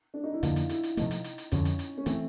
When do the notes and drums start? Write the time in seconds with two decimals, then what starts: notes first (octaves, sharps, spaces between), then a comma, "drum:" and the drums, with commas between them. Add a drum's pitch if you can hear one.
0.14 D4
0.24 D#4
0.33 E4
0.43 F2 D3 F3 A#3 F4, drum: hi-hat
0.56 drum: hi-hat
0.69 E4, drum: hi-hat
0.83 drum: hi-hat
0.97 C3 F3 A3 D#4, drum: hi-hat
1.11 drum: hi-hat
1.24 drum: hi-hat
1.38 drum: hi-hat
1.52 F2 D3 F3 C#4, drum: hi-hat
1.65 drum: hi-hat
1.79 drum: hi-hat
1.98 C#4
2.06 E3 A3 C4, drum: hi-hat